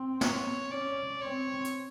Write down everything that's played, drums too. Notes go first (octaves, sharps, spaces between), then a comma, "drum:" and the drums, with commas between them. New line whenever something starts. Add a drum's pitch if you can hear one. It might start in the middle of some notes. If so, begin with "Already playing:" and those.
Already playing: C4
C#5, drum: snare
C#4 D5
C4 C#5
drum: hi-hat